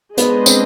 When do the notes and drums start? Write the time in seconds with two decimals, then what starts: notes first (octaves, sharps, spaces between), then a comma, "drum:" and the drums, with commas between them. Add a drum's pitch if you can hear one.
0.17 G#3 B3 D4 G#4 C5 D#5, drum: hi-hat
0.46 C4, drum: tambourine